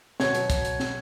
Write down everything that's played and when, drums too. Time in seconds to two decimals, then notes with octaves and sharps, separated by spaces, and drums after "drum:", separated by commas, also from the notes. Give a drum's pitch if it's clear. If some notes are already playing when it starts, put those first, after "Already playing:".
0.20 B2 C#5, drum: snare
0.35 F#3, drum: hi-hat
0.50 drum: kick, hi-hat
0.65 drum: hi-hat
0.80 drum: snare